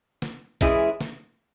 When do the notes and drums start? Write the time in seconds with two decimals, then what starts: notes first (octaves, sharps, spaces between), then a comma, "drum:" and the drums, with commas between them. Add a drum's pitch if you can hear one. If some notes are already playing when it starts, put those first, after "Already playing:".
0.22 drum: snare
0.61 E3 G#3 C#4 E4 G#4, drum: kick, hi-hat
1.01 drum: snare